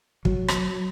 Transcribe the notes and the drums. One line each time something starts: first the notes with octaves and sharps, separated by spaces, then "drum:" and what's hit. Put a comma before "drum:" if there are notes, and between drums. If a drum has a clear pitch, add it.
F#3, drum: kick
drum: rim click